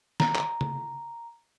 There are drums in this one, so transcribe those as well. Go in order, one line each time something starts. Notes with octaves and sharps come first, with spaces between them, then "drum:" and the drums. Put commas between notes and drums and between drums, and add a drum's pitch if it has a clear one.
A#5, drum: snare
drum: clap
drum: tom C#3